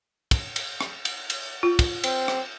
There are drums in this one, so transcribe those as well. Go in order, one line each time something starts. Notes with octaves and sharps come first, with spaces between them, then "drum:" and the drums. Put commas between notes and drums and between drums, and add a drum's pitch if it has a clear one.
drum: kick, cymbal
drum: cymbal
drum: rim click
drum: cymbal
drum: cymbal
F4
drum: kick, cymbal
C4, drum: cymbal
drum: rim click